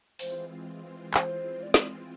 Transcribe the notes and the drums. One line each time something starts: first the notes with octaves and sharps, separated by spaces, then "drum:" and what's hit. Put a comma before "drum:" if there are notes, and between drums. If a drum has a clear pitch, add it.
E3 G#3 C4 F4 C5, drum: open hi-hat
C5, drum: clap
D5
D5, drum: snare